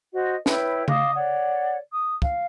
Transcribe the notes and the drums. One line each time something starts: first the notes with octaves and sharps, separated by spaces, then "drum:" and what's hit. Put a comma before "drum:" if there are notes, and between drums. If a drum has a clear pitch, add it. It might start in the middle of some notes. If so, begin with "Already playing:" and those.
F#4 C5 D#5
E4 B4 C#5 G5, drum: snare
D#5 F5 D6 D#6, drum: tom C#3
C#5 D5 F#5
D#6
F5, drum: kick